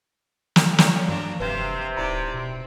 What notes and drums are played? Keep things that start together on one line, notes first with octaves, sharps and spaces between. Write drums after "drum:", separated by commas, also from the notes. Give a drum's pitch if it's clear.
drum: snare
C#5 D5 F5 A#5, drum: snare
G2 D4 F#4 F5 A#5
F1 C3 B4 C5 F5
D1 D#4 E4 B4 D5 A#5
B2 C4